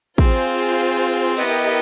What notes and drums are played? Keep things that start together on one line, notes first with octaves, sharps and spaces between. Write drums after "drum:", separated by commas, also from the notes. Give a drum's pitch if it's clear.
C4 F4 G#4 C5, drum: kick
B3 E4 G4 A#4 D#5, drum: cymbal